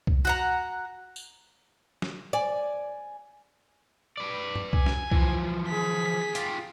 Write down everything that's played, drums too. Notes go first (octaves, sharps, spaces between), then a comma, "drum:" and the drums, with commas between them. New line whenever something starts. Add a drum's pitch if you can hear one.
drum: kick C2
F#4 F#5 A#5
drum: tambourine
drum: snare
D5 G#5
B4 D5
drum: tom
G#5, drum: kick C2
drum: snare
E3 F3, drum: kick C2
G#4 B6
F4 G4, drum: hi-hat